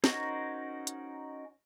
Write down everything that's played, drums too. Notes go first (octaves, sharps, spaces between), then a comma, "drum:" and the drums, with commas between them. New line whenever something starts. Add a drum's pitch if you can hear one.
C#4 D#4 F#4 A#4 C5, drum: snare
drum: hi-hat